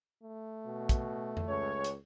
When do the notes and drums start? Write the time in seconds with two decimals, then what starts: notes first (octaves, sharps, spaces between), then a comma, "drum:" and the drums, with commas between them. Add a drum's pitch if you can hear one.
0.23 A3
0.66 B2
0.89 drum: kick, hi-hat
1.37 drum: tom F2
1.48 C#2 C#5
1.84 drum: hi-hat